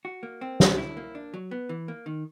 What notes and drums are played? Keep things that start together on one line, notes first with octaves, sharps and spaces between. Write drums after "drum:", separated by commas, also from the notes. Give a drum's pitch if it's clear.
F#4
A#3
C4
D3, drum: snare
E4
A#3
D4
F#3
B3
E3
A#3
D#3